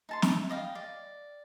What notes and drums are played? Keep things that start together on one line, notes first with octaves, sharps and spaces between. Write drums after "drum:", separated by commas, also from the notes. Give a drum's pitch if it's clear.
D#4 A5 C6
E4, drum: snare
D5 D#5 F5 G5
D5